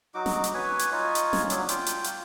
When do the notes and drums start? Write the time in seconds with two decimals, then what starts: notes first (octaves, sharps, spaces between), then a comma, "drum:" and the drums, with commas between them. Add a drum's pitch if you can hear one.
0.14 F#3 D#4 F#4 D6
0.26 drum: snare
0.44 drum: hi-hat
0.54 B4 C#5 G#5
0.79 drum: hi-hat
0.92 D#4 F4 C#5 G#5
1.15 drum: hi-hat
1.33 drum: snare
1.50 F#3 C#4 D4, drum: hi-hat
1.69 F4 G5, drum: hi-hat
1.86 drum: hi-hat
2.04 drum: hi-hat